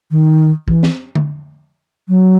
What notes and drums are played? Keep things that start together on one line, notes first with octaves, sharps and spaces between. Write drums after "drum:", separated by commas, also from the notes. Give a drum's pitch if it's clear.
D#3
E3, drum: kick
drum: snare
drum: tom D3
F#3